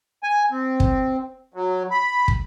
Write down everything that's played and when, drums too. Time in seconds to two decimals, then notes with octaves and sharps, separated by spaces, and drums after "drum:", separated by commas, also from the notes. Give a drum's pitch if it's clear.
0.23 G#5
0.51 C4
0.80 drum: kick
1.54 F#3
1.91 B5
2.28 drum: kick